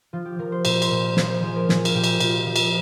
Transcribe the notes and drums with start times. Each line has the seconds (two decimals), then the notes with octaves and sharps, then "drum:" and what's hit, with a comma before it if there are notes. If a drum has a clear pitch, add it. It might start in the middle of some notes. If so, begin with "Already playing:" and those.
0.13 F3 F4
0.25 G4
0.39 F3 A#4
0.52 C5
0.65 A#2 C5, drum: cymbal
0.82 C5, drum: cymbal
0.91 A#2
1.17 F3 C5, drum: snare
1.30 C5
1.43 F3 G#4
1.56 A#4
1.69 A#2 G#4, drum: snare
1.85 F4, drum: cymbal
1.94 A#2 G4
2.04 drum: cymbal
2.20 A#2 F4, drum: cymbal
2.46 F3
2.56 drum: cymbal